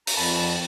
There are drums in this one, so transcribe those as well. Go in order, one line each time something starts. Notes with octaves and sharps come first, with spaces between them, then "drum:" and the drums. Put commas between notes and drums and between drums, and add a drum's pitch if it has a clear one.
A#5, drum: open hi-hat
F2 A5 B5